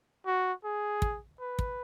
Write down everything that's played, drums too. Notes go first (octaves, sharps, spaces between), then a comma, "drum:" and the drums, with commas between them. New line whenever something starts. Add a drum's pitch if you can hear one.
F#4
G#4
drum: kick
B4
drum: kick